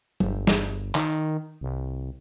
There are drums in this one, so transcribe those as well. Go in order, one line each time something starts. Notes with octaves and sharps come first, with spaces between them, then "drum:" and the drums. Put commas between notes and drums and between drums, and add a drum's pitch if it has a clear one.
G1, drum: tom F#3
drum: snare
D#3, drum: clap
C2